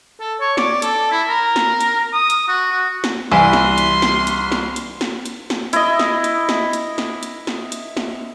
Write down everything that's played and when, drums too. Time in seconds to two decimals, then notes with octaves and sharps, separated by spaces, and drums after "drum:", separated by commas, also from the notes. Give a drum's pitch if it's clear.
0.20 A4
0.40 C#5
0.57 D5, drum: snare
0.82 A4, drum: hi-hat
1.12 E4
1.28 A#4
1.56 drum: snare
1.81 drum: hi-hat
2.13 D#6
2.30 drum: hi-hat
2.48 F#4
2.72 F#4
3.04 drum: snare
3.32 C2 E3 C6
3.53 drum: snare
3.78 drum: hi-hat
4.02 drum: snare
4.27 drum: hi-hat
4.52 drum: snare
4.76 drum: hi-hat
5.01 drum: snare
5.26 drum: hi-hat
5.50 drum: snare
5.73 E4 D#5, drum: hi-hat
5.99 drum: snare
6.24 drum: hi-hat
6.49 drum: snare
6.73 drum: hi-hat
6.98 drum: snare
7.23 drum: hi-hat
7.47 drum: snare
7.72 drum: hi-hat
7.97 drum: snare